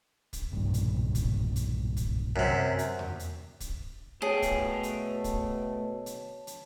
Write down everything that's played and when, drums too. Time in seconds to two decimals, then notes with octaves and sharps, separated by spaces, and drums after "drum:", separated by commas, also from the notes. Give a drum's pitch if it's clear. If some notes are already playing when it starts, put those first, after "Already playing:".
0.33 drum: kick, hi-hat
0.51 B1 G2 A#2
0.74 drum: hi-hat
1.15 drum: kick, hi-hat
1.56 drum: hi-hat
1.97 drum: kick, hi-hat
2.36 F#2 C3
2.79 drum: hi-hat
2.99 drum: tom E2
3.19 drum: hi-hat
3.60 drum: kick, hi-hat
4.22 B2 A3 G#4 C#5 G5 A5
4.42 drum: kick, hi-hat
4.83 drum: hi-hat
5.24 drum: kick, hi-hat
6.06 drum: hi-hat
6.47 drum: hi-hat